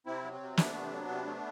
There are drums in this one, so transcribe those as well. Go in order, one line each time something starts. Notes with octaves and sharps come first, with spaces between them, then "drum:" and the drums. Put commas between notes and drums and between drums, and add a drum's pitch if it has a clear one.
C3 C4 E4
F#3
C4
C3
A3 B3 D4, drum: snare
C3
F#3
C3
A3